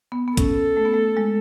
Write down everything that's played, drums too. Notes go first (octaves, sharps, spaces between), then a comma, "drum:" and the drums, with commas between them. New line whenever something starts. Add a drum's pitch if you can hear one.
B3
B3
C#4 A4, drum: kick, hi-hat
A3
B3
A3
G#3